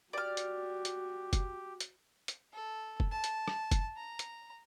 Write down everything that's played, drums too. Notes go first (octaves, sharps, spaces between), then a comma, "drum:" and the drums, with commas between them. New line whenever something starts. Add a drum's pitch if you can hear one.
F#4 G4 D5 F6
drum: hi-hat
drum: hi-hat
drum: kick, hi-hat
drum: hi-hat
drum: hi-hat
A4
drum: kick
A5
drum: hi-hat
drum: rim click
drum: kick, hi-hat
A#5
drum: hi-hat